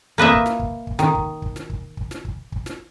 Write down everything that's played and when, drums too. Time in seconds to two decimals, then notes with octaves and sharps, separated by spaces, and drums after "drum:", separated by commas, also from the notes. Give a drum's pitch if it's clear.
0.18 A#3 B4 D#5 E5
0.32 drum: kick
0.46 drum: snare
0.59 drum: kick
0.87 drum: kick
0.99 D#3, drum: snare
1.15 drum: kick
1.42 drum: kick
1.56 drum: snare
1.70 drum: kick
1.97 drum: kick
2.11 drum: snare
2.25 drum: kick
2.52 drum: kick
2.66 drum: snare